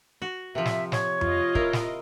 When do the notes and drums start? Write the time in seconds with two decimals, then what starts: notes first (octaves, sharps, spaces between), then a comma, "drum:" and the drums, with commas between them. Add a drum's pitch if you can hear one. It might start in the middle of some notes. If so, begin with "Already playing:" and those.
0.22 F#4
0.55 C3 F3 E5
0.65 drum: snare
0.92 C#5, drum: snare
1.21 F4 D#5, drum: tom F2
1.55 E4 A#4, drum: kick
1.73 drum: snare